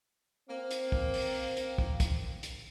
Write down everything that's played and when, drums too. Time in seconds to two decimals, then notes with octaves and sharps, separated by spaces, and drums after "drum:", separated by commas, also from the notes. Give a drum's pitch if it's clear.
0.49 A#3 C4
0.71 drum: hi-hat
0.92 drum: kick
1.14 drum: open hi-hat
1.57 drum: hi-hat
1.78 drum: kick
2.00 drum: kick, hi-hat
2.43 drum: hi-hat